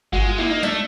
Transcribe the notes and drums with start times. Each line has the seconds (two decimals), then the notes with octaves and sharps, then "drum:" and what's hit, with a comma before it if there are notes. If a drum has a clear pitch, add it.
0.12 G#3 F#4, drum: kick G1
0.25 F4
0.38 A#3 E4
0.50 D#4
0.63 A3 D4, drum: snare